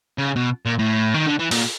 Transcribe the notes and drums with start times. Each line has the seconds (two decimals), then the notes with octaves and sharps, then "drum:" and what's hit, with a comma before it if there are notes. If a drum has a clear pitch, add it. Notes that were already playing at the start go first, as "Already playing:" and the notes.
0.18 C#3
0.36 B2
0.65 A#2
0.79 A2
1.14 D#3
1.26 D3
1.39 E3
1.51 A#2, drum: open hi-hat